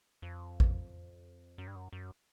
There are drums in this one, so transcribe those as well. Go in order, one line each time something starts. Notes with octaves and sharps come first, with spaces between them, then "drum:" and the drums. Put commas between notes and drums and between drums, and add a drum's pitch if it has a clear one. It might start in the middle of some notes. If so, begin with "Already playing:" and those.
F2
drum: kick
F#2
G2
F#2
F#2